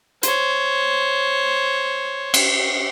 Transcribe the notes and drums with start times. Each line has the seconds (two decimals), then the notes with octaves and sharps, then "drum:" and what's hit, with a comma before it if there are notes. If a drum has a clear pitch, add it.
0.23 C5 C#5, drum: hi-hat
2.34 drum: cymbal